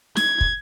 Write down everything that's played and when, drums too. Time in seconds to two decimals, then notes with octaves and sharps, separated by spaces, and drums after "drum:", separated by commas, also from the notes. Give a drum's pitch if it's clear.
0.17 G#6, drum: snare
0.41 drum: kick